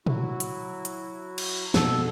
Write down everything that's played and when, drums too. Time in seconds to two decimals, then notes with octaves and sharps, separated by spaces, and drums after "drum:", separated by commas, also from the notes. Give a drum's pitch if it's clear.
0.06 F#3 E4 F#4, drum: tom
0.40 drum: hi-hat
0.85 drum: hi-hat
1.38 drum: cymbal
1.74 F2 B2 A4 A5, drum: snare